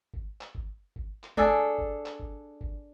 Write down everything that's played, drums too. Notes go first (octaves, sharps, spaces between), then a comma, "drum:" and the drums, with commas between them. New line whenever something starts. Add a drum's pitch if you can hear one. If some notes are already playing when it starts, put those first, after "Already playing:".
drum: kick G1
drum: clap
drum: kick G1
drum: kick G1
drum: clap
D4 G#4 A4, drum: kick G1
drum: kick G1
drum: clap
drum: kick G1
drum: kick G1